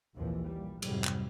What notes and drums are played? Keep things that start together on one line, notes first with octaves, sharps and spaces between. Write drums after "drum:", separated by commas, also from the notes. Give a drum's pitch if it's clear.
A#1 D#2 C3 E3 F3
A#2 G3
F2 G#2 C3 F#3 G3, drum: cymbal
drum: clap